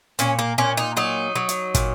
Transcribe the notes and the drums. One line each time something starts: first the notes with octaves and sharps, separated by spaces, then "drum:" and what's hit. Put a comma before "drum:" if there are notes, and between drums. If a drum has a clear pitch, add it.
A#2 C#4, drum: hi-hat
A#3
A#2 C#4
D#4
F#3 D#4
F#3
drum: hi-hat
A#2, drum: kick, hi-hat